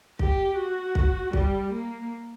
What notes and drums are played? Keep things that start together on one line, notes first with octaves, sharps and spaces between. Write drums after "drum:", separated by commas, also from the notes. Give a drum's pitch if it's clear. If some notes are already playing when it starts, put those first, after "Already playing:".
G4, drum: kick
F#4
drum: kick
G3, drum: kick
A#3